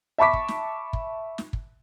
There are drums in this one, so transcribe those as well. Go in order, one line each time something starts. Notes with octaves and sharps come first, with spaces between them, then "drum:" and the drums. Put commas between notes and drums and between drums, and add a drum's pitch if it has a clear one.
E5 A5 B5 C#6 D6 B6
drum: kick
drum: snare
drum: kick
drum: snare
drum: kick